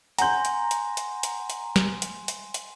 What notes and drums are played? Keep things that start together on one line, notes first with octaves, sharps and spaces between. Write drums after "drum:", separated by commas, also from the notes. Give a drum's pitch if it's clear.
F#5 G#5 A#5 C6 G6, drum: hi-hat
drum: hi-hat
drum: hi-hat
drum: hi-hat
drum: hi-hat
drum: hi-hat
drum: snare
drum: hi-hat
drum: hi-hat
drum: hi-hat